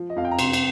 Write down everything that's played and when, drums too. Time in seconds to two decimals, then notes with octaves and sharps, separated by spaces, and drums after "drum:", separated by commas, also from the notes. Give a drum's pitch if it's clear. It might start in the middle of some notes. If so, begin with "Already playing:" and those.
Already playing: F3
0.10 D#5
0.16 F2 F5
0.25 G5
0.31 A#5
0.39 C3 C6, drum: cymbal
0.53 drum: cymbal